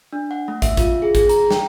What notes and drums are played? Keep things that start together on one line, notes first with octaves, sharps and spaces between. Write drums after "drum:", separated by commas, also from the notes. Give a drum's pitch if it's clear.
D4
F#5
A3
E5, drum: kick, hi-hat
F4, drum: kick, hi-hat
G#4
G#4, drum: kick, hi-hat
A#5, drum: hi-hat
G5, drum: snare